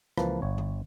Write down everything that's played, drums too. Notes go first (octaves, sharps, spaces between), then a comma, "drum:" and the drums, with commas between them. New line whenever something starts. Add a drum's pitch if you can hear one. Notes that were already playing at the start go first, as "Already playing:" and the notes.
C#2 E3 F3 A#3 B4 A5, drum: rim click
G1 C#5
drum: tom D3